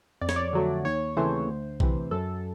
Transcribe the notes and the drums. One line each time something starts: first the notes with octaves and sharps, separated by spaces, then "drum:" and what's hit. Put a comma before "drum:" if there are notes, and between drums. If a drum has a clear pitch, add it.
F2 D5
C#5, drum: snare
D5
D3 F#3 A3
D#2 C#5
C#3 E3 A3 C4 C5
D2
C3 E3, drum: kick B1
F#2 A4